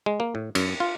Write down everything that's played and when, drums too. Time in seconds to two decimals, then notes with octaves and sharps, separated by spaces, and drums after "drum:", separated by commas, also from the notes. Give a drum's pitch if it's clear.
0.06 G#3
0.20 A#3
0.35 A2
0.55 F#2, drum: cymbal
0.80 F4